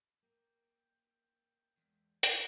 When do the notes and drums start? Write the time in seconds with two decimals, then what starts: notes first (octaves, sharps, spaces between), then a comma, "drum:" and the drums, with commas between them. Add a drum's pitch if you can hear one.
0.22 A#3 G5
1.77 E2 G#2 G#3
2.23 drum: hi-hat